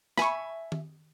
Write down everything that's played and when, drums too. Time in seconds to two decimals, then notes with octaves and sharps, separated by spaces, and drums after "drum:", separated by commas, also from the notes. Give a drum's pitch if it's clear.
0.17 E5 G#5 B5 C#6, drum: snare
0.72 drum: tom D#3